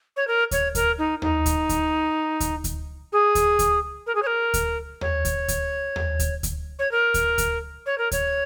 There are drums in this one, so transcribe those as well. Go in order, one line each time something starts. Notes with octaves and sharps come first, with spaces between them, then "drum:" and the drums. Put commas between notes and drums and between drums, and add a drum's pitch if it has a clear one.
C#5
A#4
C#5, drum: kick D2, hi-hat
A#4, drum: kick D2, hi-hat
D#4
D#4, drum: tom D#2
drum: kick D2, hi-hat
drum: kick D2, hi-hat
drum: kick D2, hi-hat
drum: kick D2, hi-hat
G#4
drum: kick D2, hi-hat
drum: kick D2, hi-hat
A#4
G#4
C#5
A#4
drum: kick D2, hi-hat
C#5, drum: tom D#2
drum: kick D2, hi-hat
drum: kick D2, hi-hat
drum: tom D#2
drum: kick D2, hi-hat
drum: kick D2, hi-hat
C#5
A#4
drum: kick D2, hi-hat
drum: kick D2, hi-hat
C#5
A#4
C#5, drum: kick D2, hi-hat